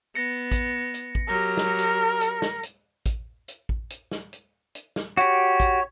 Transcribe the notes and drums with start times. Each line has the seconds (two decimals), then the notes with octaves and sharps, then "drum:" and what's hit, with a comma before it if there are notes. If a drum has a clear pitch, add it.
0.15 B3 A#6 C#7
0.51 drum: kick A1, hi-hat
0.94 drum: hi-hat
1.15 drum: kick A1
1.29 F#3 G4 A#4 A#6
1.57 drum: snare
1.79 drum: hi-hat
2.21 drum: hi-hat
2.42 drum: snare
2.63 drum: hi-hat
3.06 drum: kick A1, hi-hat
3.48 drum: hi-hat
3.69 drum: kick A1
3.90 drum: hi-hat
4.12 drum: snare
4.33 drum: hi-hat
4.75 drum: hi-hat
4.96 drum: snare
5.17 F#4 G4 C#5, drum: hi-hat
5.60 drum: kick A1, hi-hat